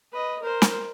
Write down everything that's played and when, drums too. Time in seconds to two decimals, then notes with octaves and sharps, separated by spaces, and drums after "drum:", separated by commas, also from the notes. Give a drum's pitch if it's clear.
0.13 B4 D#5
0.42 A#4 C5
0.62 drum: snare